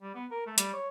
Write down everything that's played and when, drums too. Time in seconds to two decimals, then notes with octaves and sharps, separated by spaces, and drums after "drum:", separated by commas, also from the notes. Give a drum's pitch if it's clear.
0.02 G3
0.15 B3
0.31 A#4
0.47 A3
0.58 G3, drum: hi-hat
0.74 C#5